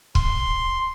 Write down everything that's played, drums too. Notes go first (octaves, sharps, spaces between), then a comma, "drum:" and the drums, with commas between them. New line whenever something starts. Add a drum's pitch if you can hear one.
C6, drum: kick